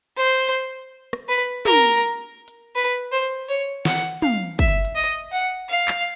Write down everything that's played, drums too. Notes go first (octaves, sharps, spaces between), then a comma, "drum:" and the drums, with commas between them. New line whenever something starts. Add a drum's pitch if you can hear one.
C5
drum: rim click
B4
A#4, drum: tom
drum: hi-hat
B4
C5
C#5
F#5, drum: snare
F5, drum: tom
E5, drum: kick
drum: hi-hat
D#5
F#5
F5
drum: clap